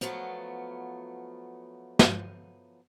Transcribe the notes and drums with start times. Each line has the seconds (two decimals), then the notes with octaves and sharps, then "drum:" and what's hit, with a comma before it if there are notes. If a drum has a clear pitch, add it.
0.01 F3 F#3 A3 B3, drum: hi-hat
1.99 drum: snare